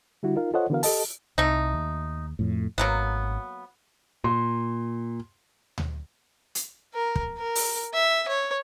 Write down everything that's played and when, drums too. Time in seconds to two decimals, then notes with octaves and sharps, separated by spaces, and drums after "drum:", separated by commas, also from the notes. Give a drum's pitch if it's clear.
0.23 D3 G3 E4 F#4
0.36 D#4 F4 A#4 F5
0.54 F4 A4 C5 C#5 D#5 F#5
0.70 D3 E3 B3 F#4 A#4 F5
0.83 G4 A4 D#5 A5, drum: open hi-hat
1.38 C2 A3 D#4
1.73 D#2
2.39 F2 A2
2.78 G#1 F#3 A#3 B3
4.24 A#2 C6
5.78 drum: tom D2
6.55 drum: hi-hat
6.94 A#4
7.16 drum: kick
7.38 A#4
7.55 drum: open hi-hat
7.94 E5
8.28 C#5